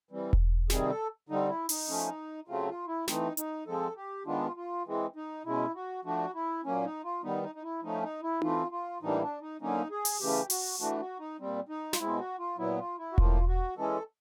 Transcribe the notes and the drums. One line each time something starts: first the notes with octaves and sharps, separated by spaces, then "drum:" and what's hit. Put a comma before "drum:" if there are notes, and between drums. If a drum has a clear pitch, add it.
E3 G3 C4
drum: kick E1
C3 D#3 G3 C4 G#4, drum: snare
A4
D3 G3 C4 D#4
E4
D#4, drum: open hi-hat
F3 A3 C#4
C#3 F#3 A3 C4 F4
F4
E4
E3 A3 C4 D#4, drum: snare
D#4, drum: hi-hat
F3 G#3 C4 A4
G4
D#3 G#3 B3 D4 F4
F4
E3 G#3 C4
D#4
B2 G#3 C#4 E4
F#4
F3 A3 D4 F#4
E4
A#2 F#3 A#3 C#4
D#4
F4
D#3 G3 B3 D#4
D#4
D#4
E4
F3 A3 C#4 D#4
D#4
E4
E3 A3 C4 F4, drum: tom D#4
F4
A2 E3 G3 A#3 D4 D#4
D4
D#4
D3 F#3 A#3 C#4 D#4
G#4
drum: open hi-hat
C#3 E3 A3 C#4 G4
F#4, drum: open hi-hat
E3 A3 D4 F#4
F#4
D#4
A#2 G3 C4
D#4
F4, drum: snare
B2 G#3 C4 E4
F#4
F4
A#2 F#3 B3 E4
F4
E4
F#4
A2 F3 A#3 F4, drum: kick E1
F#4
E3 G#3 C#4 A4